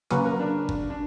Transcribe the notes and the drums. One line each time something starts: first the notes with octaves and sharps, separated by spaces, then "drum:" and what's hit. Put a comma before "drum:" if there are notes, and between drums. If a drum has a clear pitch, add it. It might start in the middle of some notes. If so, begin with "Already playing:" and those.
C#3 F#3 A#3 C#4 B4, drum: snare
A#4
D4
drum: kick
D4